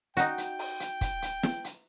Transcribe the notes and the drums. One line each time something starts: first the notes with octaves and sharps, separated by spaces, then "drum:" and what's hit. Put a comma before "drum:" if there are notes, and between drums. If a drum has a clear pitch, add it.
D#4 F#4 G5, drum: hi-hat
drum: hi-hat
drum: open hi-hat
drum: hi-hat
drum: kick, hi-hat
drum: hi-hat
drum: snare
drum: hi-hat